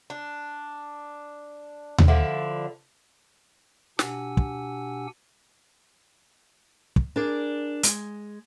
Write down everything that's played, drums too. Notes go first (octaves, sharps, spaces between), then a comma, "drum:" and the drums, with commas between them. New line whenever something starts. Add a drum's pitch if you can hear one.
D4
drum: tom D#2
D3 F3 E4 D5
B2 D4 G4 F#5 G#5 E6, drum: snare
drum: kick
drum: kick
D4 G#4 A#4 D5
G#3, drum: hi-hat